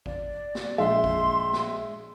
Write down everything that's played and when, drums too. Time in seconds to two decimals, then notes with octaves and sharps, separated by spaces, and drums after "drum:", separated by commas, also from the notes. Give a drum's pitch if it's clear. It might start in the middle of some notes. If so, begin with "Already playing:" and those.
0.06 D5, drum: kick G#1
0.55 drum: snare
0.78 A#1 G#3 E5 C6
1.04 drum: kick G#1
1.53 drum: snare